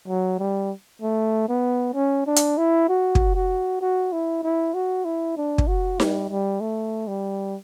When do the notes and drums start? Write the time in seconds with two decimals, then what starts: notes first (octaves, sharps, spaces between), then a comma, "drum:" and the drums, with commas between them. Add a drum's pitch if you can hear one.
0.08 F#3
0.39 G3
1.02 A3
1.49 B3
1.94 C#4
2.27 D4
2.36 drum: hi-hat
2.57 E4
2.89 F#4
3.15 drum: kick
3.35 F#4
3.81 F#4
4.12 E4
4.43 E4
4.74 F#4
5.05 E4
5.37 D4
5.58 drum: kick
5.68 F#4
6.00 G3, drum: snare D#4
6.30 G3
6.61 A3
7.08 G3